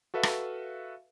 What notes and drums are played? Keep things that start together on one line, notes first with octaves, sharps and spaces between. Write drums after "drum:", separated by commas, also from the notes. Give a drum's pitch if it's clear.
F#4 A4 B4 E5 F5
drum: rim click